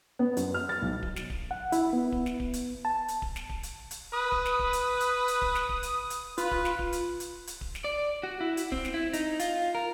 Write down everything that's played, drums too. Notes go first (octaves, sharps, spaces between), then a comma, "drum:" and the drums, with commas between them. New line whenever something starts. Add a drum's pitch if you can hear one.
B3
F#2, drum: hi-hat
F6
A6
B1
drum: kick D1
drum: snare
drum: kick D1
F#5
E4, drum: hi-hat
B3
drum: kick D1
drum: snare
drum: kick D1
drum: hi-hat
A5
drum: hi-hat
drum: kick D1
drum: snare
drum: kick D1
drum: hi-hat
drum: hi-hat
B4 D#6
drum: kick D1
drum: snare
drum: kick D1
drum: hi-hat
drum: hi-hat
drum: hi-hat
drum: kick D1
drum: snare
drum: kick D1
drum: hi-hat
drum: hi-hat
F4 B4, drum: hi-hat
drum: kick D1
drum: snare
drum: kick D1
drum: hi-hat
drum: hi-hat
drum: hi-hat
drum: kick D1
drum: snare
D5
F#4
E4
drum: hi-hat
C4, drum: kick D1
drum: snare
E4
D#4, drum: hi-hat
F4, drum: hi-hat
A#4